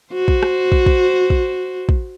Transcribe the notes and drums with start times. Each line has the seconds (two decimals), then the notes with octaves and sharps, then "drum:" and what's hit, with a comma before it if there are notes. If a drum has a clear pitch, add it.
0.13 F#4 C5
0.28 drum: kick
0.43 drum: rim click
0.72 drum: kick
0.86 drum: kick
1.30 drum: kick
1.89 drum: kick